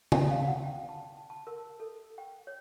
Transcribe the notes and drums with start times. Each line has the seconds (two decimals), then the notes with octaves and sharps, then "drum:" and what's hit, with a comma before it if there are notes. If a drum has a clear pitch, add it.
0.12 G5, drum: tom
0.31 F5
0.47 F#5
0.63 G5
0.89 A5
1.30 A5
1.47 A#4
1.80 A4
2.18 G5
2.47 C#5